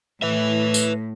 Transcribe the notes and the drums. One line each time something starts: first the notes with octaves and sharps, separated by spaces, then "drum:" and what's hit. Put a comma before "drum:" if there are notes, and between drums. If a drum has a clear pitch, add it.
A2 B4 E5
drum: tambourine